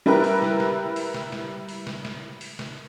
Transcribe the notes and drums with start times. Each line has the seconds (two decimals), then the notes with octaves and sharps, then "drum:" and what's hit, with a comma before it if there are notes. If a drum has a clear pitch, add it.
0.06 G3 E4 G4 A#4 B4
0.24 drum: open hi-hat
0.42 drum: snare
0.60 drum: snare
0.96 drum: open hi-hat
1.14 drum: snare
1.32 drum: snare
1.69 drum: open hi-hat
1.87 drum: snare
2.05 drum: snare
2.41 drum: open hi-hat
2.59 drum: snare